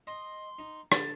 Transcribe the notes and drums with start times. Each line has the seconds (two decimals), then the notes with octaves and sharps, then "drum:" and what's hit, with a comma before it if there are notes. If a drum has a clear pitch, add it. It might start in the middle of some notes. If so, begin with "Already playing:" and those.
0.07 D#5 C6
0.59 D#4
0.92 D3 A6, drum: rim click